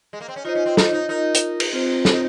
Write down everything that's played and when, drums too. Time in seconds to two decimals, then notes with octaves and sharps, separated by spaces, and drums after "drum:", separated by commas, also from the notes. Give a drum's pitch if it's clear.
0.13 G#3
0.21 A#3
0.29 C4
0.36 C#4
0.45 D#4 F4 C5 D#5
0.55 C#4
0.66 C4
0.77 D#4, drum: snare
0.93 D#4
1.09 D#4 F4 A#4 D#5
1.34 drum: hi-hat
1.60 drum: cymbal
1.73 C4 F4 C5
2.05 C#4, drum: snare
2.13 D#4